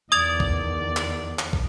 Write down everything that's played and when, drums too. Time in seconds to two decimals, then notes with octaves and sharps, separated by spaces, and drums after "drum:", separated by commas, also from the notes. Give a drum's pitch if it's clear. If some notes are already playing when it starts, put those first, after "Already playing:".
0.12 E2 D#3 D5 D#6 G#6 F7
0.40 drum: kick
0.97 drum: clap
1.39 drum: clap
1.53 drum: kick